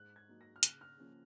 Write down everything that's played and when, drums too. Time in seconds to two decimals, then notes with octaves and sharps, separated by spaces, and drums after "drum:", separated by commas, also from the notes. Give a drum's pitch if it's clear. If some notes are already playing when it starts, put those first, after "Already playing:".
Already playing: G#2 F#6
0.16 G#6
0.29 F#3 A#3 D#4
0.41 A#6
0.56 F6
0.63 C#3 F#6, drum: hi-hat
0.81 F6
0.99 F3 A#3 C#4